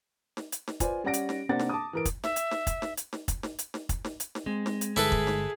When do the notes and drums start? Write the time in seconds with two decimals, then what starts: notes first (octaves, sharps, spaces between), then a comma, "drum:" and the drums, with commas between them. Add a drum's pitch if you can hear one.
0.37 drum: snare
0.52 drum: hi-hat
0.68 drum: snare
0.80 F4 B4 C5 D5 G#5, drum: kick, hi-hat
1.04 G3 C#4 D5 F#5 A#6 D7
1.13 drum: hi-hat
1.29 drum: snare
1.49 C3 A#3 C4 D4 F#5 A6
1.59 drum: snare
1.69 A5 D6 D#6
1.93 E3 A#4 D7
2.05 drum: kick, hi-hat
2.24 E5, drum: snare
2.36 drum: hi-hat
2.51 drum: snare
2.67 drum: kick, hi-hat
2.82 drum: snare
2.97 drum: hi-hat
3.13 drum: snare
3.28 drum: kick, hi-hat
3.43 drum: snare
3.59 drum: hi-hat
3.74 drum: snare
3.89 drum: kick, hi-hat
4.04 drum: snare
4.20 drum: hi-hat
4.35 drum: snare
4.46 G#3 C4
4.66 drum: snare
4.81 drum: hi-hat
4.96 G1 E4 G#4 A4 B4, drum: snare
5.12 drum: kick
5.27 drum: snare